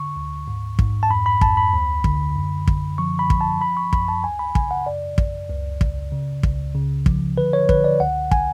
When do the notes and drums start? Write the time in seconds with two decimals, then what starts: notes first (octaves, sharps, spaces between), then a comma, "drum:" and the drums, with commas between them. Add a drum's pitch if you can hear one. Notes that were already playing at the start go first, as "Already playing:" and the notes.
Already playing: D3 C#6
0.16 D2
0.48 G#2
0.79 G#2, drum: kick
1.03 A5
1.10 F2 B5
1.26 B5
1.41 F2 A5, drum: kick
1.57 B5
1.73 D2
2.04 D3, drum: kick
2.36 F#2
2.68 D3, drum: kick
2.98 F3 C#6
3.19 B5
3.30 F3, drum: kick
3.41 A5
3.61 F3 B5
3.77 C#6
3.93 F#2 B5, drum: kick
4.08 A5
4.24 C#2 G#5
4.39 B5
4.55 C#3 G#5, drum: kick
4.71 F#5
4.86 F#2 D5
5.18 F#2, drum: kick
5.49 C#2
5.81 C#3, drum: kick
6.12 C#3
6.43 C#2, drum: kick
6.75 C#3
7.06 F3, drum: kick
7.38 D3 B4
7.53 C#5
7.69 D3 B4, drum: kick
7.84 D5
8.00 C#2 F#5
8.31 G#5, drum: kick